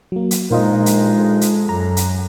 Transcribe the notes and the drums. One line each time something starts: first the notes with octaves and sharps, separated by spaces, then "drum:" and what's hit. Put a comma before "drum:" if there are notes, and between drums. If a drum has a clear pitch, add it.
F#3 A#3
drum: hi-hat
G2 A#2 F3 G#3 D#4 F4 A#4 D#5
drum: hi-hat
A4
drum: hi-hat
F#2 A#5
drum: hi-hat